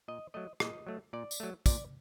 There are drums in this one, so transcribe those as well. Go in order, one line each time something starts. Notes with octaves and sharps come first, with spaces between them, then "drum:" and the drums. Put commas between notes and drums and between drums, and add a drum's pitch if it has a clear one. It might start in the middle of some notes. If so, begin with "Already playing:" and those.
A#2 D#5
F#3 A3 D#5
A#2 D#5, drum: rim click
F#3 A3
A#2 D5
drum: tambourine
F#3 A3
A#2 D5, drum: kick, tambourine